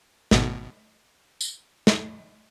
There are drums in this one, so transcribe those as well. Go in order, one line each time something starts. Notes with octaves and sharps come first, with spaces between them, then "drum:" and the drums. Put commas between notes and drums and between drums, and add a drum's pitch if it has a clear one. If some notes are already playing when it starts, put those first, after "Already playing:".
G#1 B2, drum: snare
drum: tambourine
drum: snare